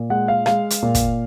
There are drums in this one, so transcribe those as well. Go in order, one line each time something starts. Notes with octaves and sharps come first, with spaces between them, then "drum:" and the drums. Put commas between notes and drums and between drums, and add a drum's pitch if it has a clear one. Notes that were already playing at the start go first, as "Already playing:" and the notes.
Already playing: A#2
G#3 F#5
F5
G#3 F5, drum: rim click
drum: hi-hat
A#2
drum: kick, hi-hat